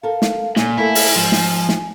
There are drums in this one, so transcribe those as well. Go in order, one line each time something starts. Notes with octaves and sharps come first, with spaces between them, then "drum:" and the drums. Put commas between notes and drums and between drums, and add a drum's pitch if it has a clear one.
A4 A#4 F5
drum: snare
A#2 C#3 G#5, drum: snare
A3 A#3 E4 A4
drum: open hi-hat
G#2 F3
drum: snare
drum: snare